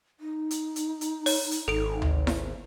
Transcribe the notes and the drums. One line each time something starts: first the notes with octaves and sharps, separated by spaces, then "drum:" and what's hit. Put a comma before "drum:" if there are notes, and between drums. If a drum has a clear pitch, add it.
D#4
drum: hi-hat
drum: hi-hat
drum: hi-hat
C#5, drum: open hi-hat
drum: hi-hat
G#1 A4 D7
drum: tom D2
drum: snare E4